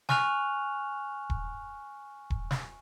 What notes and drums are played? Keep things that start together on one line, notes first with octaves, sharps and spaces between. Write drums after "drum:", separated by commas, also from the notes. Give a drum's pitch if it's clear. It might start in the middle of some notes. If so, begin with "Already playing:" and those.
G#5 C#6 F6 F#6 F7, drum: snare
drum: kick D#1
drum: kick D#1
drum: snare